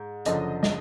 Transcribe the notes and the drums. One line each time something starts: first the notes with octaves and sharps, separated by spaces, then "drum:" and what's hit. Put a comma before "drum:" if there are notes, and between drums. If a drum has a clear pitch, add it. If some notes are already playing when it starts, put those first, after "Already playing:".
Already playing: G#2
F#1 F#2 D3 F3 D#5, drum: hi-hat
D#5, drum: snare